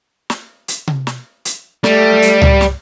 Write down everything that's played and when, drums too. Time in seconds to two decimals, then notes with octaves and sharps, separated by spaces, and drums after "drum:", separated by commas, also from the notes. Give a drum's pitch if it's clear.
0.30 drum: snare
0.68 drum: hi-hat
0.87 drum: tom C3
1.07 drum: snare
1.45 drum: hi-hat
1.84 G3 A3, drum: snare
2.22 drum: hi-hat
2.42 drum: tom C#2
2.61 drum: snare